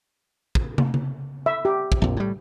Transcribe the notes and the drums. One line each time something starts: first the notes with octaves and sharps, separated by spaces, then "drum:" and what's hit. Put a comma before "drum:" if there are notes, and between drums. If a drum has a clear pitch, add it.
drum: kick
drum: tom
drum: tom C#3
E5
G4
drum: kick
A#1 F2
A2 G3